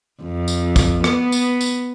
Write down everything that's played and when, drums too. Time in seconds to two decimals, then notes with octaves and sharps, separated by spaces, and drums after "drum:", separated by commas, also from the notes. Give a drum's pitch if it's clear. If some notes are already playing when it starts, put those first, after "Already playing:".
0.22 F2
0.48 drum: tambourine
0.76 drum: kick, tambourine
1.04 B3, drum: rim click
1.32 drum: tambourine
1.61 drum: tambourine